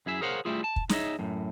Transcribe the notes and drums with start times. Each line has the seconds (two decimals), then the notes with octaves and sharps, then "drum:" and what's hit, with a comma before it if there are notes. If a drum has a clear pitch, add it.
0.06 F#2 E4 G#4 E5
0.21 G#4 A#4 C5 C#5 F5 F#5
0.45 G3 A3 E4 F4 G#4
0.64 A5
0.76 drum: kick
0.89 D#4 G#4 C#5 D#5 E5, drum: snare
1.19 F#2 A2